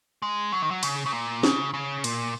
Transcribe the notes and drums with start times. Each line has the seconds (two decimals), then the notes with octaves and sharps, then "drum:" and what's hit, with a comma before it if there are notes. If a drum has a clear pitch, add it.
0.22 G#3
0.52 F#3
0.62 D#3
0.71 F#3
0.83 C#3, drum: cymbal
1.06 C#3
1.12 A#2
1.43 C#3, drum: snare
1.74 C#3
2.04 A#2, drum: cymbal